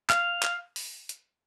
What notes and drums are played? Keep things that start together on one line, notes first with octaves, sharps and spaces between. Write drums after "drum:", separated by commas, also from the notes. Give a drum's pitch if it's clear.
F5, drum: clap
drum: clap
drum: open hi-hat
drum: hi-hat